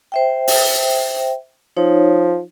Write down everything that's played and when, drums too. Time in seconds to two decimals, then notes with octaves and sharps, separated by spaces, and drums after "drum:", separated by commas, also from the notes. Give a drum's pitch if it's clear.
0.12 C5 E5 G5
0.48 drum: open hi-hat
1.77 F3 D#4 C#5